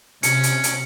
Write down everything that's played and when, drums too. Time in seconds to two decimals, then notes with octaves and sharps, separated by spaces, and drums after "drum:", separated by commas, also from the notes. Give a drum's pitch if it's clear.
0.23 C3 C#4 C#7, drum: hi-hat
0.43 drum: hi-hat
0.64 drum: hi-hat